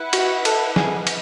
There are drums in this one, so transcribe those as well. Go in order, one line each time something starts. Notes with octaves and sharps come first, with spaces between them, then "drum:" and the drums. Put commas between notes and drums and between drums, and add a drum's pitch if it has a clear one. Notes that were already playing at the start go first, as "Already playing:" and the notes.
Already playing: E4 B4 F#5
F#4, drum: cymbal
A4, drum: cymbal
G#4, drum: snare
drum: cymbal